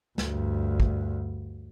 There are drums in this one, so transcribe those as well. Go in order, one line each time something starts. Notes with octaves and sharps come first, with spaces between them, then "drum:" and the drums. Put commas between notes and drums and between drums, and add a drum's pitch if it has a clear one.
D2 G2, drum: snare
drum: kick